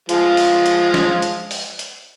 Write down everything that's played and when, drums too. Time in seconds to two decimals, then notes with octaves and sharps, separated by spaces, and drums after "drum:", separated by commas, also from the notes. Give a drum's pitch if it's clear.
0.09 F3 G#3 F4, drum: hi-hat
0.37 drum: open hi-hat
0.66 drum: hi-hat
0.94 drum: snare
1.22 drum: hi-hat
1.51 drum: open hi-hat
1.79 drum: hi-hat